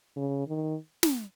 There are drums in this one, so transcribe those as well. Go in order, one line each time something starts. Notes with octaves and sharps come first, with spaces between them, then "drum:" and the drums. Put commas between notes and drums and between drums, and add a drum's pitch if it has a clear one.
C#3
D#3
drum: snare